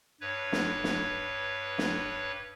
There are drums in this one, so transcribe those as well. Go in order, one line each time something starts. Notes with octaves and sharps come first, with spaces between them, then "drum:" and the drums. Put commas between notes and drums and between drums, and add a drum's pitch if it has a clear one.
G2 B4 C#5
drum: snare
drum: snare
drum: snare